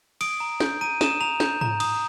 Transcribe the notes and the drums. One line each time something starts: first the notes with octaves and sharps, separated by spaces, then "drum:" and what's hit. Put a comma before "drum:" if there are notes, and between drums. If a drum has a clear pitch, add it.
D#6 D7, drum: cymbal
A#5
G6, drum: snare
A#5 D#7
D#6 E7, drum: snare
A#5 F7
G6, drum: snare
A#5, drum: tom G#2
D#6, drum: cymbal